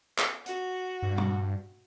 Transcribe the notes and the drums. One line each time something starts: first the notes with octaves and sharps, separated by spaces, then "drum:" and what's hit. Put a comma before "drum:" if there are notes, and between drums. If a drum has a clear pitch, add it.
drum: clap
F#4, drum: hi-hat
G2
drum: tom